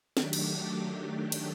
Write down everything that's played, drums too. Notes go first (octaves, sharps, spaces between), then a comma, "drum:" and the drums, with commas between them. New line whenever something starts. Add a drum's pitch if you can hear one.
D#3 F#3 A3 D4 G4, drum: snare
drum: cymbal
drum: cymbal